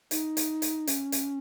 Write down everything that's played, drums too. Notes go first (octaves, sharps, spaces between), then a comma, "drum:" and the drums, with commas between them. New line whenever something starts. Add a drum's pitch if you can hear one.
D#4, drum: hi-hat
drum: hi-hat
drum: hi-hat
C#4, drum: hi-hat
drum: hi-hat